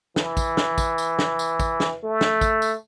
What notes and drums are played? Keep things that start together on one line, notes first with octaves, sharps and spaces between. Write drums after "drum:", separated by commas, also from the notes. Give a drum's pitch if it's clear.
E3, drum: snare
drum: kick, tambourine
drum: snare
drum: kick, tambourine
drum: tambourine
drum: snare
drum: tambourine
drum: kick, tambourine
drum: snare
A3
drum: snare
drum: kick, tambourine
drum: tambourine